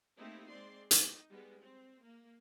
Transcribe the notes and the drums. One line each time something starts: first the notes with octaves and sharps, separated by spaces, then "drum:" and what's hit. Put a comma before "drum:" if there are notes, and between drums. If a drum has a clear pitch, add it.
A3 A#3 C4 D#4 E4 G4
G#3 C4 D5 C6
D#4, drum: hi-hat
G3 G#3 B3
C4
A#3